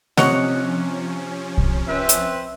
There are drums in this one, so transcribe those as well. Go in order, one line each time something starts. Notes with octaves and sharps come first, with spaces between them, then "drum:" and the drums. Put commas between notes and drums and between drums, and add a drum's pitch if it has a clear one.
C3 F3 C#4 C#5 D#5 F#5, drum: snare
drum: kick
C4 B4 E5
drum: hi-hat